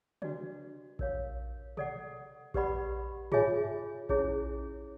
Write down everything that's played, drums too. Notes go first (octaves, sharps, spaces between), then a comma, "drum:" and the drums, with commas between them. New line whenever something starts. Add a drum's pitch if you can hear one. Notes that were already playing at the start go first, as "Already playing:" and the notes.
D4 F#4 B4 D5, drum: tom
A#4 C#5 F5, drum: kick A#1
A4 D5 F#5, drum: tom
G4 B4 D5 F#5 B5, drum: kick A#1
F4 G#4 C#5 E5 G#5, drum: tom
C#4 E4 G#4 C#5, drum: kick A#1